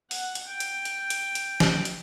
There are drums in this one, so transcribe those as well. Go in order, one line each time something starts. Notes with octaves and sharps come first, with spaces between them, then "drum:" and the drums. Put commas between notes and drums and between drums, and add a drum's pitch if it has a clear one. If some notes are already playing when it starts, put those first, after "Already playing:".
F#5, drum: open hi-hat
drum: hi-hat
G5
drum: hi-hat
drum: hi-hat
drum: hi-hat
drum: hi-hat
drum: snare
drum: hi-hat